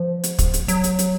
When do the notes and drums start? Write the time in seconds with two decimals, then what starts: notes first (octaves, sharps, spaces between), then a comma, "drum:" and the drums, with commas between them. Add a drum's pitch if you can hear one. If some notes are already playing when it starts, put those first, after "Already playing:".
Already playing: F3
0.24 drum: hi-hat
0.39 drum: kick, hi-hat
0.54 drum: hi-hat
0.68 F#3, drum: hi-hat
0.84 drum: hi-hat
0.99 drum: hi-hat